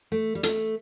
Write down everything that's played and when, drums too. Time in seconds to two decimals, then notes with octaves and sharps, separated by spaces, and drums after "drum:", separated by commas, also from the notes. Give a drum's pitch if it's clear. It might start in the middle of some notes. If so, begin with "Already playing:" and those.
0.12 A3
0.35 G3
0.43 A3, drum: hi-hat